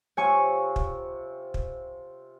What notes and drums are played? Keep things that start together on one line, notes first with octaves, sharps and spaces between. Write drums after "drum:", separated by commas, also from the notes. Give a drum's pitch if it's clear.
C3 C4 F4 C#5 G#5 C#6
drum: kick
drum: kick